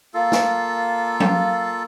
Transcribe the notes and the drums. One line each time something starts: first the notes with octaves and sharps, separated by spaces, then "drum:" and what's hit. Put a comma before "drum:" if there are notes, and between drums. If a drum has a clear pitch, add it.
A#3 F4 A4
drum: snare
drum: tom F3